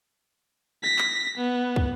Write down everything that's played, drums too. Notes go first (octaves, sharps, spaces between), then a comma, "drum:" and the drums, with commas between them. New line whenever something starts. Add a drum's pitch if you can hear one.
A#6 B6
drum: clap
B3
drum: kick